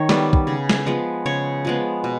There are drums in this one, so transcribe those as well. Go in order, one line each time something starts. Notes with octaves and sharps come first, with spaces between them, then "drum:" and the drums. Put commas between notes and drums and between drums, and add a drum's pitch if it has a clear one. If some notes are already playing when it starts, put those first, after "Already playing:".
Already playing: D#3 C#5
G3 B3, drum: snare
drum: kick
C#3
drum: snare
F3 G#3 B3
C#3 C#5
F3 G#3 B3
B2